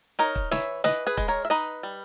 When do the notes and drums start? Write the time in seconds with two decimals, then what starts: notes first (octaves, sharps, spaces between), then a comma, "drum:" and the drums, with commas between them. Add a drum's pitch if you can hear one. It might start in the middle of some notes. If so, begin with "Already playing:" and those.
0.19 D#4 A#4 C#5
0.35 drum: kick
0.51 E3 C#5 E5, drum: snare
0.84 E3 B4 D#5, drum: snare
1.07 G#4 B4
1.17 G#3, drum: kick
1.28 A#4 C#5
1.45 E5
1.50 D#4 B4 D#5
1.83 G3